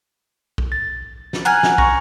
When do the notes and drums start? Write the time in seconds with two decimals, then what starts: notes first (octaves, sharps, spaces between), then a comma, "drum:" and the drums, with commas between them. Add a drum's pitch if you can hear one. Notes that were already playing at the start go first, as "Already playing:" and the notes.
0.58 drum: kick
0.72 A6
1.33 drum: snare
1.45 F#5 G#5 A#5 F6
1.63 drum: snare
1.78 A#5 C#6 A#6, drum: kick